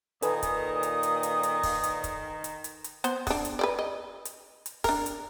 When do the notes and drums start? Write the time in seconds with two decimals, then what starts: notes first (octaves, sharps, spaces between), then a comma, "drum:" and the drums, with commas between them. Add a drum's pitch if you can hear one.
0.22 A#2 D#3 A4 B4 G#5 D#6, drum: hi-hat
0.43 drum: kick, hi-hat
0.83 drum: hi-hat
1.03 drum: hi-hat
1.23 drum: hi-hat
1.43 drum: hi-hat
1.63 drum: kick, open hi-hat
1.84 drum: hi-hat
2.04 drum: kick, hi-hat
2.44 drum: hi-hat
2.64 drum: hi-hat
2.84 drum: hi-hat
3.04 B3 C5 F#5, drum: hi-hat
3.27 B3 D4, drum: kick, open hi-hat
3.45 drum: hi-hat
3.59 B4 C5 D5
3.79 D#5
4.25 drum: hi-hat
4.66 drum: hi-hat
4.84 D4 A#4, drum: kick, open hi-hat
5.06 drum: hi-hat